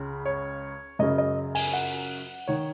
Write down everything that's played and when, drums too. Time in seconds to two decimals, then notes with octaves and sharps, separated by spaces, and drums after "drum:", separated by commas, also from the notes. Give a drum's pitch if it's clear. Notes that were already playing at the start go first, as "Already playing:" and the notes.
Already playing: C#2 C#3
0.25 C#5
0.99 F#2 C#3 D#5
1.18 D#5
1.55 G#5, drum: open hi-hat
1.73 F#5
2.48 D#3 C#5